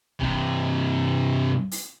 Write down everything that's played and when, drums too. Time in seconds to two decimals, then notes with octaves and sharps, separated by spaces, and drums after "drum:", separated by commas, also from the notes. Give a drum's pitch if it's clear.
0.20 G2 C3, drum: kick
1.71 drum: open hi-hat